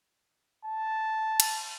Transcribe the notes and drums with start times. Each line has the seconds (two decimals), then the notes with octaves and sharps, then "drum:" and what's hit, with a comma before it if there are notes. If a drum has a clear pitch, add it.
0.65 A5
1.40 drum: cymbal